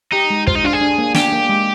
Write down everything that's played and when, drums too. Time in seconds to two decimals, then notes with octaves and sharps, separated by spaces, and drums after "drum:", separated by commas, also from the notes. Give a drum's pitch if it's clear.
0.12 D#4 G4
0.30 G#3
0.47 F4 C5, drum: kick
0.55 D#4
0.64 D4 F4
0.73 G#4
0.81 D4
0.98 A#3
1.15 D4 G4, drum: snare
1.32 A#3
1.49 G#3